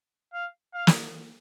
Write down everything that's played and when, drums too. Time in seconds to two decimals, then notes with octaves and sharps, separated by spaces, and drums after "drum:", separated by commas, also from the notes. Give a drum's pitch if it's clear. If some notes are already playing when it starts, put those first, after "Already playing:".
0.33 F5
0.74 F5
0.87 drum: snare